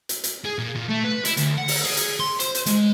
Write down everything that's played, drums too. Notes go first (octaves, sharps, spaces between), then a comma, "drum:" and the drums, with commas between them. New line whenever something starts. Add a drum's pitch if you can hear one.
drum: hi-hat
drum: hi-hat
G#4
A#2
A#2
A3
B4
E4, drum: hi-hat
D2, drum: hi-hat
F#5
drum: open hi-hat
G#4
drum: hi-hat
C6
C5, drum: hi-hat
drum: hi-hat
G#3, drum: hi-hat